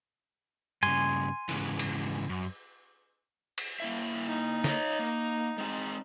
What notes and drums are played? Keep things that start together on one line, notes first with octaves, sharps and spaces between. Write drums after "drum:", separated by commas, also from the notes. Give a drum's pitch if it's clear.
G2 C#3 G#5 C6, drum: hi-hat
G#2 C#3 E3, drum: open hi-hat
drum: cymbal
F#2
drum: cymbal
A#3 E4 E5
D#4
C#5 D#5, drum: snare A#3
A#3
G#3 C4 G#4